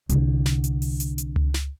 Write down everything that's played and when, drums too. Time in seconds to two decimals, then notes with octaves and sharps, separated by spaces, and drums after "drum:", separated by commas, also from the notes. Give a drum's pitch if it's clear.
0.09 C2 D3, drum: hi-hat
0.46 drum: snare
0.64 drum: hi-hat
0.82 drum: open hi-hat
1.00 drum: hi-hat
1.18 drum: hi-hat
1.36 drum: tom C#2
1.54 drum: snare